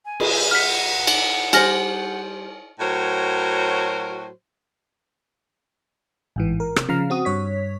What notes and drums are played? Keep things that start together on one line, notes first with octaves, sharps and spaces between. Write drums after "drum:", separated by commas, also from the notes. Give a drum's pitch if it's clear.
G#5
G#4, drum: cymbal
F#5 F6 B6
drum: cymbal
G3 C5 G#5 F6 A#6, drum: cymbal
A2 F#3 F#4 A#4 C5 C#5
A1 G#2 E3
A#4
C3, drum: rim click
C#3 F3 F5 A#5 F6
C4 F#4 D#6
G2 C#5 B6